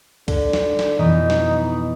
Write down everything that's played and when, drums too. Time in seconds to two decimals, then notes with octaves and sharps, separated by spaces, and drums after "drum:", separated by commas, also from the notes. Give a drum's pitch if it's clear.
0.28 D3, drum: kick, cymbal
0.53 drum: snare
0.79 drum: snare
0.99 F2 B2 E3 D#4
1.30 drum: snare